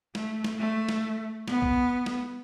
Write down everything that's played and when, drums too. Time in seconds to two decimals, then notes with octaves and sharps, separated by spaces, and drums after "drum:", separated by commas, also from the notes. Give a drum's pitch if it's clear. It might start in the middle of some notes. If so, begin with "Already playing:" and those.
0.15 A3, drum: snare
0.44 drum: snare
0.59 A3
0.89 drum: snare
1.48 B3, drum: snare
1.62 drum: kick
2.06 drum: snare